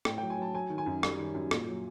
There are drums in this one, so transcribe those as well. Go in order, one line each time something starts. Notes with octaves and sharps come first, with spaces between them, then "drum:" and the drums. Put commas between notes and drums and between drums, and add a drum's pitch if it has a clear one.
A2 G5, drum: rim click
F#3 G5
G#5
F#3 A5
F#3 G#5
D#3
G#5
F#2
G3, drum: rim click
D#3
F#2
A#2, drum: rim click
F#3